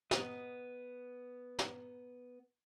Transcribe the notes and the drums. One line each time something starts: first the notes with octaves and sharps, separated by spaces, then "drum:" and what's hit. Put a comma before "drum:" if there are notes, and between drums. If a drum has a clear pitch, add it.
B3 D#5, drum: snare
drum: snare